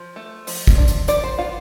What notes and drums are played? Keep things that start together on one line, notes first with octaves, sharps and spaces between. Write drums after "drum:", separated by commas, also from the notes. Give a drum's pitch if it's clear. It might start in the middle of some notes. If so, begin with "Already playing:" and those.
Already playing: F3
A3
F3, drum: open hi-hat
drum: kick, hi-hat
D4
drum: hi-hat
F3 D5, drum: hi-hat
C5
B3 F4